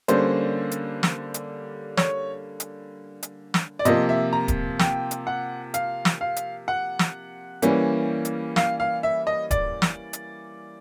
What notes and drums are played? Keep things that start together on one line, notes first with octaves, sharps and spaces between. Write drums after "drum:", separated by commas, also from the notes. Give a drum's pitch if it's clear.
D3 G3 A#3 C#4 C5, drum: hi-hat
drum: hi-hat
drum: snare
drum: hi-hat
C#5, drum: snare
drum: hi-hat
drum: hi-hat
drum: snare
D5
C3 F3 A#3 D#5, drum: hi-hat
E5
A#5
drum: kick D1, hi-hat
G5, drum: snare
drum: hi-hat
F#5
F5, drum: hi-hat
drum: snare
F5
drum: hi-hat
F#5
drum: snare
E3 G3 A#3 C#4, drum: hi-hat
drum: hi-hat
F5, drum: snare
F5
E5
D#5
D5, drum: kick D1, hi-hat
drum: snare
drum: hi-hat